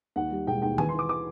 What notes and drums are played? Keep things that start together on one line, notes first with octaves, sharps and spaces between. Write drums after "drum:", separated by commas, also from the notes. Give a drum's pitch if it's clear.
D#2 F#5
G3
E1 G5
D#2 G5
E3 G#5, drum: tom D#3
C6
E3 D6
D6